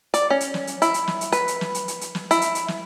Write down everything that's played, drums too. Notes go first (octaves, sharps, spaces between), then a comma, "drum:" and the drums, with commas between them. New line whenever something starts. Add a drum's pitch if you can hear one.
D5, drum: hi-hat
C#4
drum: hi-hat
drum: snare
drum: hi-hat
E4, drum: hi-hat
drum: hi-hat
drum: snare
drum: hi-hat
B4, drum: hi-hat
drum: hi-hat
drum: snare
drum: hi-hat
drum: hi-hat
drum: hi-hat
drum: snare
E4, drum: hi-hat
drum: hi-hat
drum: hi-hat
drum: snare